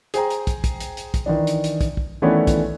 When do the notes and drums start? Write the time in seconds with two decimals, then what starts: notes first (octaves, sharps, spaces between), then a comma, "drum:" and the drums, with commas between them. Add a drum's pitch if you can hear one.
0.14 G#4 C5 G5 A#5, drum: hi-hat
0.30 drum: hi-hat
0.47 drum: kick, hi-hat
0.64 drum: kick, hi-hat
0.80 drum: hi-hat
0.97 drum: hi-hat
1.14 drum: kick, hi-hat
1.26 D#3 E3 D4
1.47 drum: hi-hat
1.64 drum: hi-hat
1.81 drum: kick, hi-hat
1.97 drum: kick
2.22 D#3 E3 A3 B3 C#4 D4
2.47 drum: kick, hi-hat